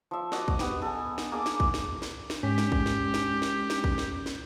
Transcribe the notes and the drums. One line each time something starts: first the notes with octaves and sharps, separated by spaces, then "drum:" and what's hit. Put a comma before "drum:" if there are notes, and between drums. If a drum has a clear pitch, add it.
F3 E5
F#4 D#5 A5 D6, drum: snare
drum: kick
B3 G4, drum: snare
A4 G#5
drum: snare
A#3 G#4 D6
drum: snare
drum: kick
drum: snare
drum: snare
drum: snare
G#2 G#3 C#4 G4
drum: snare
drum: kick
drum: snare
drum: snare
drum: snare
drum: snare
drum: kick
drum: snare
drum: snare